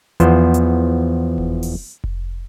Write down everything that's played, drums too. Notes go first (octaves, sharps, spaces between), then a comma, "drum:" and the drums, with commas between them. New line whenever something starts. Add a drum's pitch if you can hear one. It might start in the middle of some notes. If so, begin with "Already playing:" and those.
E2 F3 B3 C5, drum: hi-hat
drum: hi-hat
drum: kick F1
drum: open hi-hat
drum: kick F1